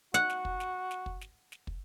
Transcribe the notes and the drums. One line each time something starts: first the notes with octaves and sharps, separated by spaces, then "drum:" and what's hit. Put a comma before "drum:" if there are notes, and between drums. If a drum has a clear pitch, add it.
F#4 F#5
drum: snare
drum: kick
drum: snare
drum: snare
drum: kick
drum: snare
drum: snare
drum: kick